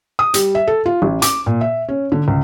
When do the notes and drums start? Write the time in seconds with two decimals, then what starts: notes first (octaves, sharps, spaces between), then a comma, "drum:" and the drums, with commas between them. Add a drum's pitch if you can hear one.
0.19 D#6
0.34 G3, drum: hi-hat
0.55 E5
0.67 A4
0.86 F4
1.02 A1
1.22 D6, drum: hi-hat
1.46 A#2
1.61 E5
1.88 C#4
2.12 D3
2.28 C#2